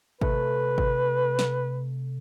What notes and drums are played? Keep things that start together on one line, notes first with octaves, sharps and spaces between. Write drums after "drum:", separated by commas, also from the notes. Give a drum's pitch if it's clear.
C3 A3 B4, drum: kick G#1
drum: kick G#1
drum: snare